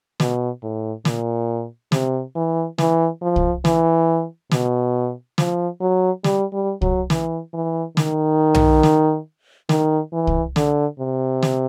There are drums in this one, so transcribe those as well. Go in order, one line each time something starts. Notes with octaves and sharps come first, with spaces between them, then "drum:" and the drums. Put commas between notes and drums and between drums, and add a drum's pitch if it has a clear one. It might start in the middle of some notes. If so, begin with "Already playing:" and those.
B2, drum: snare
A2
A#2, drum: snare
C3, drum: snare
E3
E3, drum: snare
F3
drum: kick C2
E3, drum: snare
B2, drum: snare
F3, drum: snare
F#3
G3, drum: snare
G3
F#3, drum: kick C2
E3, drum: snare
E3
D#3, drum: snare
drum: tom B1
drum: snare
D#3, drum: snare
E3
drum: kick C2
D3, drum: snare
C3
drum: snare